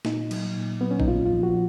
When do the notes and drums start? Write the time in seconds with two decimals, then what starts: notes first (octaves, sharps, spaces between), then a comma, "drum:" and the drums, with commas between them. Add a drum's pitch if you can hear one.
0.05 A#2 D#4, drum: snare
0.31 F#3, drum: cymbal
0.57 A#2
0.81 F#3 B3
0.91 C#4
1.00 D#4, drum: kick A#1
1.08 A#2 F4
1.26 F4
1.34 F3
1.43 F#4